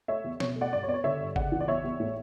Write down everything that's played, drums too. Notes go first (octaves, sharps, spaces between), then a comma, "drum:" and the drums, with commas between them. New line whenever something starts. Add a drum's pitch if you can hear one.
A3 C#5 E5
E2
B2 C#5, drum: snare
A3
D5 F#5
G2 D5
C#5
B3 D5
C#5
D3 C#5 E5
G2
C#3 D5 F#5, drum: kick G#1
E3
D5
E2 C#5 E5
E2
A2